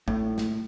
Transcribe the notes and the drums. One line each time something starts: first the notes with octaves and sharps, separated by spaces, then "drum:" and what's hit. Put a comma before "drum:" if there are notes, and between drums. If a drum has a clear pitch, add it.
A2, drum: kick
drum: snare